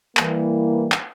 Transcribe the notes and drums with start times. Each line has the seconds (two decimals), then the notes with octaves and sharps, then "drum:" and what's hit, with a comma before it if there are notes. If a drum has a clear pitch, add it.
0.17 E3 G3 A#3, drum: clap
0.92 drum: clap